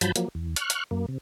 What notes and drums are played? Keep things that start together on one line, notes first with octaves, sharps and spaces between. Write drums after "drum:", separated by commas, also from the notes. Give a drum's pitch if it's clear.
G2 F3 F#3 A5 B5 G6, drum: hi-hat
F3 F#3 A#3, drum: hi-hat
E2
C#6 F6 F#6, drum: hi-hat
drum: hi-hat
F#2 A#3
C3